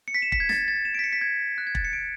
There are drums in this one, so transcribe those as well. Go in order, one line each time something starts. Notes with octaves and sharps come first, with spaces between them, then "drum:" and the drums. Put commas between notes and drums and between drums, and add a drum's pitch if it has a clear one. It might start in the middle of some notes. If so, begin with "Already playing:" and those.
C#7
B6
E7
B6, drum: kick
G#6
A6, drum: snare
A6
E7
D7
B6
C#7
B6
G#6
F#6
G#6
A6, drum: kick
C#7
D7